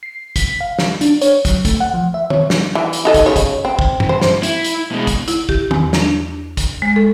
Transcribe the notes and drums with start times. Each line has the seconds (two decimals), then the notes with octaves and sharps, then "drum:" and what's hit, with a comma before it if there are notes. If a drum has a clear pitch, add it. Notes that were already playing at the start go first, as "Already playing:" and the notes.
0.03 C7
0.36 B6, drum: kick, hi-hat
0.61 F5
0.79 drum: snare
1.01 D4, drum: hi-hat
1.21 C#5, drum: hi-hat
1.45 F#3, drum: kick, hi-hat
1.65 A3, drum: kick, hi-hat
1.80 F#5
1.94 F3
2.14 E5
2.30 C#5, drum: tom
2.50 drum: snare
2.75 E3
2.93 drum: hi-hat
3.05 D#4 A4 D#5
3.14 drum: kick, hi-hat
3.26 C#3 C#5
3.36 drum: kick, hi-hat
3.65 C4
3.79 drum: kick
4.00 drum: tom G2
4.09 C5
4.22 drum: snare
4.43 E4, drum: hi-hat
4.64 drum: hi-hat
4.92 B2 G#3
5.07 drum: kick, hi-hat
5.28 E4, drum: hi-hat
5.49 G4, drum: kick
5.71 E2, drum: tom
5.93 drum: snare
6.02 D4
6.57 drum: kick, hi-hat
6.82 G#3
6.96 A4